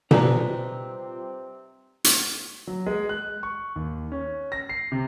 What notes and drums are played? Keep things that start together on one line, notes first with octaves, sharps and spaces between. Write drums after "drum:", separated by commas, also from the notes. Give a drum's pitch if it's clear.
C3 G3 C4 D4 D#4 F4 B4 A#5, drum: tom B2
drum: hi-hat
F#3
G#3
F#6
C#6
D#2
C#4
A#6
C7
C3